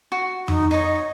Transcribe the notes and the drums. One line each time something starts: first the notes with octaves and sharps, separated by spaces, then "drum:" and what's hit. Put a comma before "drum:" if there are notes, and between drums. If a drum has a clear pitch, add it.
F#4
D#4, drum: tom F2
D#4 C#5 D#5